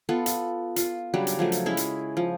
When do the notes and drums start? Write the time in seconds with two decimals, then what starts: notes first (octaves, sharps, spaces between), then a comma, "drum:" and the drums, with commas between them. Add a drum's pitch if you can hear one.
0.09 B3 F4 A4
0.26 drum: hi-hat
0.76 F4, drum: hi-hat
1.14 C#3 F#3 G3 D4
1.27 drum: hi-hat
1.39 F3 F#3 A3
1.52 drum: hi-hat
1.66 G#3 C#4 E4 E5
1.77 drum: hi-hat
2.17 F3